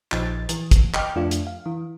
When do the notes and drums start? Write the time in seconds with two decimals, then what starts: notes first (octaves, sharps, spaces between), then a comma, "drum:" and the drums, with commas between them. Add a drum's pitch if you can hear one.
0.12 A#1 F3 D#4 A6, drum: clap
0.49 E3, drum: hi-hat
0.71 drum: kick, hi-hat
0.94 D#5 G5 D6 F6, drum: clap
1.16 F2 A3 D4 F4
1.31 drum: hi-hat
1.47 F5
1.66 E3